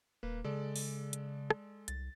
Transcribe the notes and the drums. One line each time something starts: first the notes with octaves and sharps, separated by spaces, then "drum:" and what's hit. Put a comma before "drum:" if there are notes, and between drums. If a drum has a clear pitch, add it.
D#1 A#3 B4
C#3 G#3 A4 D5
drum: open hi-hat
drum: hi-hat
drum: rim click
C2 A6, drum: hi-hat